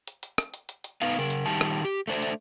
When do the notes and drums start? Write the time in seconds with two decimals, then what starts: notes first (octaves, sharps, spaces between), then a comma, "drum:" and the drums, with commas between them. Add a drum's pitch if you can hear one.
0.08 drum: hi-hat
0.23 drum: hi-hat
0.38 drum: rim click
0.54 drum: hi-hat
0.69 drum: hi-hat
0.84 drum: hi-hat
1.02 B3 D#4 B4 F5, drum: hi-hat
1.18 C#3 A#4
1.30 drum: hi-hat
1.46 D#3 G3 A5
1.61 drum: rim click
1.85 G4
2.08 A3 D4 C5
2.22 drum: hi-hat